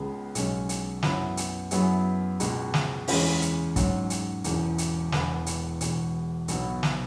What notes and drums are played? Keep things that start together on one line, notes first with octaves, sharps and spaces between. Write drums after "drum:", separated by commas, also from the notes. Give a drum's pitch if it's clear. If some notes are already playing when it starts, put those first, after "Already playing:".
Already playing: C#2 C#3 G#3 B3 G#4
B1 B2 G#3 C#4, drum: hi-hat
drum: hi-hat
F#2 F#3 B3 E4, drum: snare
drum: hi-hat
F#2 F#3 B3 E4 G#4, drum: hi-hat
C#2 B2 G#3, drum: hi-hat
drum: snare
E2 C#3 G#3 C#4 E4, drum: open hi-hat
drum: hi-hat
G#2 F#3 C#4, drum: kick, hi-hat
drum: hi-hat
E1 E2 C#3, drum: hi-hat
drum: hi-hat
E1 E2 E3 B3, drum: snare
drum: hi-hat
E1 E2 B2, drum: hi-hat
B1 B2 F#3 B3, drum: hi-hat
drum: snare